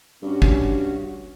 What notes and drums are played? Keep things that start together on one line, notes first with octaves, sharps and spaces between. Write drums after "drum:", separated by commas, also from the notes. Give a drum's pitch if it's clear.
G2 C#4 F#4
drum: kick